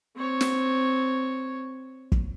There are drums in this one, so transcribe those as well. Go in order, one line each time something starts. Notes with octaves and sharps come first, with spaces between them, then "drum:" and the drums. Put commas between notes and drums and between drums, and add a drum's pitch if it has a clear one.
C4 C#5
drum: snare
drum: kick